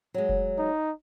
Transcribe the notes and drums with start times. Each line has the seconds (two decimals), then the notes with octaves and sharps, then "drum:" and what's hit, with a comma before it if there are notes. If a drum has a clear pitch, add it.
0.14 F#3 G#3
0.29 drum: kick F1
0.58 D#4